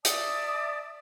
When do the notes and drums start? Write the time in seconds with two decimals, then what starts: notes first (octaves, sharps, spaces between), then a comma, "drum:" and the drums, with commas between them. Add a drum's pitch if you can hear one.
0.05 D5 E5 A5 D#6, drum: hi-hat